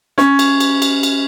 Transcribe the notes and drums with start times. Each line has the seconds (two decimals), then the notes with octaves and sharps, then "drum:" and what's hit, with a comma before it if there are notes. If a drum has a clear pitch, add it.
0.18 C#4, drum: snare
0.39 drum: cymbal
0.60 drum: cymbal
0.82 drum: cymbal
1.03 drum: cymbal